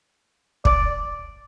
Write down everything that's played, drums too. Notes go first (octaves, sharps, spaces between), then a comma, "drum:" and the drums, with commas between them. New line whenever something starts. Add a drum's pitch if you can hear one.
D5, drum: kick